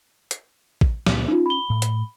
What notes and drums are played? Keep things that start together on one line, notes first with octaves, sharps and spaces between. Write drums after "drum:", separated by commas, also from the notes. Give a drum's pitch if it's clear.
drum: hi-hat
drum: kick
C#2 A#2 B3, drum: snare
C#4 D#4 F4
B5 G7
A2
drum: hi-hat